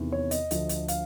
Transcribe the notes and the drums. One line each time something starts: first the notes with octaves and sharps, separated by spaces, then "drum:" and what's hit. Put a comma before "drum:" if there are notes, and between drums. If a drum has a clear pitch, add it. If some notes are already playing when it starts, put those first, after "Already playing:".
Already playing: E2 C3 D#3
C#5
D#5, drum: hi-hat
D2 D3 F3, drum: hi-hat
drum: hi-hat
F5, drum: hi-hat